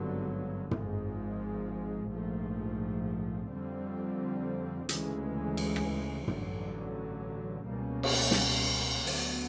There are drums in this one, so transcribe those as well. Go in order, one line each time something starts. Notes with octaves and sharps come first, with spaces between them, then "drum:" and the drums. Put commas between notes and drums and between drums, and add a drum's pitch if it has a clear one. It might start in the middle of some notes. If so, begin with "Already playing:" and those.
Already playing: G#1 G2 D3 F#3 B3
G#1 G#2 F3 G#3, drum: tom
A#1 G#2 F3 A3
F2 D3 G3 C4
D2 C#3 E3 G#3, drum: hi-hat
drum: cymbal
drum: rim click
A1 G2 D3 F#3, drum: tom
C#2 B2 G3 A#3 C#4
drum: cymbal
drum: snare
D2 D3 F#3 B3, drum: open hi-hat